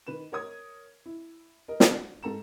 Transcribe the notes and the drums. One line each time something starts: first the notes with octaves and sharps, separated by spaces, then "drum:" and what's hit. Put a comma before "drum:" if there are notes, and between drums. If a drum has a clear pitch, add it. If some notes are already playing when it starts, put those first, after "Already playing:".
D#3 B4 E7
A#4 C#5 D#6 G#6
E4
A#4 D#5
D4 F#4, drum: snare
G#2 A4 A#5 E7